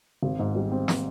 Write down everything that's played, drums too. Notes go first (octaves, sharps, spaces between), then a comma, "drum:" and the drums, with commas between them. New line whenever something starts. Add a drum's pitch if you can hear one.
G#1
G#2
G3
C4
drum: snare